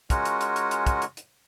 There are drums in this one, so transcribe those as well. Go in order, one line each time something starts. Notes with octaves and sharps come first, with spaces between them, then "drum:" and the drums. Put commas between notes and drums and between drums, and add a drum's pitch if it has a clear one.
G#3 C#4 F4 F#4 A#4 F#5, drum: kick, hi-hat
drum: hi-hat
drum: hi-hat
drum: hi-hat
drum: hi-hat
drum: kick, hi-hat
drum: hi-hat
drum: hi-hat